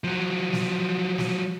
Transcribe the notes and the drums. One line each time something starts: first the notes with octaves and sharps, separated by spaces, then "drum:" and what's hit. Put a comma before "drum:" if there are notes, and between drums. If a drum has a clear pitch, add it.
F3 F#3
drum: snare
drum: snare